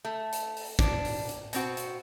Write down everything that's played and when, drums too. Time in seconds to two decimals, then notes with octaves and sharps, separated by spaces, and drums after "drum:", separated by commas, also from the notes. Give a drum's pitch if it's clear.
0.05 A3
0.32 drum: hi-hat
0.57 drum: open hi-hat
0.79 D4, drum: kick, hi-hat
1.05 drum: open hi-hat
1.29 drum: hi-hat
1.53 B2 C4 F#4, drum: hi-hat
1.77 drum: hi-hat